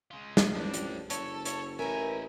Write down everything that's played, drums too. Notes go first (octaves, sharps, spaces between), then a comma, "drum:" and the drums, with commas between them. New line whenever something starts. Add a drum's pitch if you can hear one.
G#3 F4
drum: snare
A1 F3 C4 D4
drum: hi-hat
F#1 A4 C#5, drum: hi-hat
C#5, drum: hi-hat
A1 D#4 A#4 B4 E5 G#5